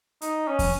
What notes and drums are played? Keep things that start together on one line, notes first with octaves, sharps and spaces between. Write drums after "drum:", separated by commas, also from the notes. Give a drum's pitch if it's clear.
D#4, drum: hi-hat
C#4
drum: kick, open hi-hat